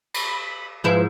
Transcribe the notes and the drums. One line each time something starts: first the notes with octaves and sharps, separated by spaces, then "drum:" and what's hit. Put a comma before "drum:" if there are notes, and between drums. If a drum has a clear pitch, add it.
B5, drum: cymbal
G#2 F3 E4 B4